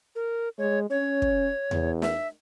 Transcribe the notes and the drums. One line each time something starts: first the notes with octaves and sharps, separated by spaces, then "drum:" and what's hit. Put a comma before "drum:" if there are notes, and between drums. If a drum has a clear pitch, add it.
A#4
G#3 C#5
C#4 C#5
drum: kick
E2, drum: tom E2
E5, drum: snare